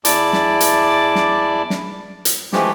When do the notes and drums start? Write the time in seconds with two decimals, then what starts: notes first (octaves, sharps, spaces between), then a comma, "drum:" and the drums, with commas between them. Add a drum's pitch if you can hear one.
0.05 E2 E4 D5 A5 D6, drum: hi-hat
0.33 drum: snare
0.61 drum: hi-hat
1.15 drum: snare
1.70 drum: snare
2.25 drum: hi-hat
2.53 E3 F3 G#3 A3 G4, drum: snare